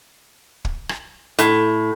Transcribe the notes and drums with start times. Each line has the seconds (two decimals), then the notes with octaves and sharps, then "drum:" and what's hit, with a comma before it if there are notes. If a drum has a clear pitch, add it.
0.65 drum: kick
0.89 drum: rim click
1.39 A2, drum: hi-hat